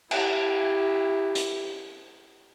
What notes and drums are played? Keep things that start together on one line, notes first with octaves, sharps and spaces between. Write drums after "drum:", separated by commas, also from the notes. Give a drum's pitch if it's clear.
E4 G4, drum: cymbal
drum: hi-hat